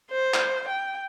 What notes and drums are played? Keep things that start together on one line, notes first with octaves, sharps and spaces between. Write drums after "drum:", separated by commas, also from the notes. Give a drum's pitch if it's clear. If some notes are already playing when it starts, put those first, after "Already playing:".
C5
drum: clap
G5